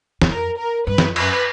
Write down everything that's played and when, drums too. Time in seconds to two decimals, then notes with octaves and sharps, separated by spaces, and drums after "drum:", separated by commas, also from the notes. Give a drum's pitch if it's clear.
0.22 E2, drum: snare
0.29 F2 A#4
0.58 A#4
0.87 G2 B4
0.98 F#2, drum: snare
1.09 F2
1.16 F#2 B4, drum: cymbal